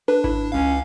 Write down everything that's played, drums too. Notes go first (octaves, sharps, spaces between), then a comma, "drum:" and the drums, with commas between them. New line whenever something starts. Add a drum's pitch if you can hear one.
D4 B4
E4, drum: kick G#1
C#2 C#4 F5